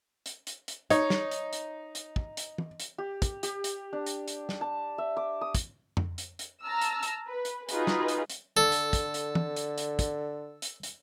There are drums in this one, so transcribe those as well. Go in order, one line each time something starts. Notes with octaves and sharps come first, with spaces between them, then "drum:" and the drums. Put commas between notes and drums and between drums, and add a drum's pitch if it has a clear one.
drum: hi-hat
drum: hi-hat
drum: hi-hat
D#4 C#5, drum: hi-hat
drum: snare
drum: hi-hat
drum: hi-hat
drum: hi-hat
drum: kick
drum: hi-hat
drum: tom
drum: hi-hat
G4
drum: kick, hi-hat
G4, drum: hi-hat
drum: hi-hat
D4
drum: hi-hat
drum: hi-hat
drum: snare
A5
E5
D6
D#6
drum: kick, hi-hat
drum: tom F2
drum: hi-hat
drum: hi-hat
A5 A#5 E6 F6
drum: hi-hat
drum: hi-hat
B4
drum: hi-hat
D#4 F4 F#4 G#4 B4, drum: hi-hat
drum: snare
drum: hi-hat
drum: hi-hat
D3 A4
drum: hi-hat
drum: kick, hi-hat
drum: hi-hat
drum: tom E3
drum: hi-hat
drum: hi-hat
drum: kick, hi-hat
drum: hi-hat
drum: hi-hat